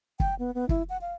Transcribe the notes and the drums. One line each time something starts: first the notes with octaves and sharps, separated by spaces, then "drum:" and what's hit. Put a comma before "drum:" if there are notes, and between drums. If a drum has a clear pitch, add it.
G5, drum: kick
B3
B3
E4, drum: kick
F#5
F5